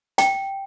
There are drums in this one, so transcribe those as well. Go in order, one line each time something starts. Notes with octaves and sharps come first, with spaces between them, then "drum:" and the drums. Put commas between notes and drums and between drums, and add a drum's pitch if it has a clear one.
G5, drum: hi-hat